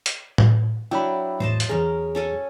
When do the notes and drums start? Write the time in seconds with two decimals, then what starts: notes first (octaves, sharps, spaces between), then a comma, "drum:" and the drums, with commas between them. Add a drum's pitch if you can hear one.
0.06 drum: hi-hat
0.38 drum: tom A2
0.91 F#3 D4 E4 G5 B5
1.40 E2 A2 C5 D#5 A5
1.60 drum: hi-hat
1.69 E2 C#4 G#4 A#4
2.15 C#4 A4 G#5